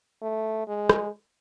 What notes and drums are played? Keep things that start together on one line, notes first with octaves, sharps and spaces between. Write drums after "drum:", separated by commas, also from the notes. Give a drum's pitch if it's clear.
A3
G#3
drum: rim click